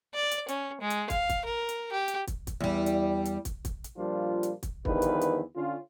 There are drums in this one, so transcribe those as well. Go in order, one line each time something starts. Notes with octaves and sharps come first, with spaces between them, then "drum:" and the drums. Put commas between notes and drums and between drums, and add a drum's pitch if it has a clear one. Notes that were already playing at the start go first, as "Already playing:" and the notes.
D5
drum: hi-hat
C#4, drum: hi-hat
G#3
drum: hi-hat
F5, drum: kick, hi-hat
drum: kick, hi-hat
A#4
drum: hi-hat
G4
drum: hi-hat
drum: kick, hi-hat
drum: kick, hi-hat
E2 G3
drum: hi-hat
drum: hi-hat
drum: kick, hi-hat
drum: kick, hi-hat
drum: hi-hat
A#2 F3 G3 D4 F4
drum: hi-hat
drum: kick, hi-hat
E2 D3 D#3 F3 G3 B4, drum: kick
drum: hi-hat
drum: hi-hat
D3 C#4 F4